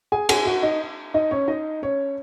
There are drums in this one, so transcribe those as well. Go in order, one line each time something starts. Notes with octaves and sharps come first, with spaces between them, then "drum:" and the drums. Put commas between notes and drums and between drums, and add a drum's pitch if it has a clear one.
G#4 G#5
G#4 G#5, drum: cymbal
F#4 F#5
D#4 D#5
D#4 D#5
C#4 C#5
D#4 D#5
C#4 C#5